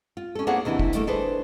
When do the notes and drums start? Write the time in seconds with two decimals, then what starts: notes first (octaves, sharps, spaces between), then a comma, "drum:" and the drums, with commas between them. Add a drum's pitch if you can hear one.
0.17 F4
0.35 C#4 A4
0.47 A#3 B3 D4 G#4 C#5 F#5
0.65 D#2 C3 E3 D4 E4
0.79 drum: kick
0.93 D#3 A3 A#3, drum: hi-hat
1.07 D4 G#4 A4 B4 C5